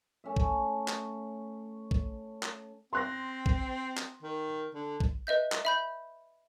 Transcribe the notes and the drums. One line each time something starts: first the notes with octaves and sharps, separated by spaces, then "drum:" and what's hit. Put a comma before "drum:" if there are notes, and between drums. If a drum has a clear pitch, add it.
A3 C#4 E5
drum: kick
drum: clap
drum: kick
drum: clap
C4 C6 F#6 A#6
drum: kick
drum: clap
D#3
D3
drum: kick
B4 D#5 E5 G6
drum: clap
E5 B5 G6